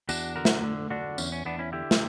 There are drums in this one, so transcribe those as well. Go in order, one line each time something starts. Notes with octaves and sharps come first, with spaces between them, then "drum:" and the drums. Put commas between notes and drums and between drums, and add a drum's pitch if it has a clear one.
E2 D4 F#4, drum: tambourine
D3 F#4 A#4
drum: snare
D3
D3 D4 F#4
E2 C#4, drum: tambourine
C#4
E2 B3 D4
C#4 E4
D3 E4 G4
drum: snare